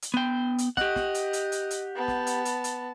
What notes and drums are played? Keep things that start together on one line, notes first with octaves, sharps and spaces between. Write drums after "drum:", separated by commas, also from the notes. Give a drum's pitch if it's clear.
drum: hi-hat
B3 G5
drum: hi-hat
G4 D#5 F#5, drum: snare
drum: snare
drum: hi-hat
drum: hi-hat
drum: hi-hat
drum: hi-hat
B3 A5
drum: snare
drum: hi-hat
drum: hi-hat
drum: hi-hat